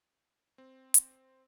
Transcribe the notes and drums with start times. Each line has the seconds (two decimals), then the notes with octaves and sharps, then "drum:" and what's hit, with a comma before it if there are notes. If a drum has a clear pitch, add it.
0.58 C4
0.94 drum: hi-hat